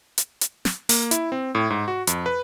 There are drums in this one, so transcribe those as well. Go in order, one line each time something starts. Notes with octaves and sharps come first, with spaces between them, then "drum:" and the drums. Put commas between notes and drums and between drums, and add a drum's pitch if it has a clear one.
drum: hi-hat
drum: hi-hat
drum: snare
A#3, drum: open hi-hat
E4, drum: hi-hat
C4
A2
G#2
F#4
F2, drum: hi-hat
B4